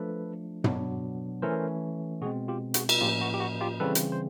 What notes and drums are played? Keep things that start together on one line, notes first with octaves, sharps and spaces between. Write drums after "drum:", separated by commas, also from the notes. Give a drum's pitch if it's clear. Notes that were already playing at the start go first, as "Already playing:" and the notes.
Already playing: F3 A3 D4 A4 B4
B2 F#3 B3 D4, drum: tom
E3 A3 C#4 A#4 C5
B2 G#3 C4 F#4 G#4
F4 G4
F#4 G#4, drum: hi-hat
drum: cymbal
A2 F3 A#3 C#4 F4 G4
F#4
G4
F#4
F4 G4
C#3 E3 G3 C4 A4 B4
drum: hi-hat
C5